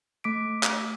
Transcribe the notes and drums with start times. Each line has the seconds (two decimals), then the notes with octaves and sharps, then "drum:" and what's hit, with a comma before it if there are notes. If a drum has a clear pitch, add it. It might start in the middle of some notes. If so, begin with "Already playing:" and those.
0.24 A3 D6 B6 D7
0.63 drum: clap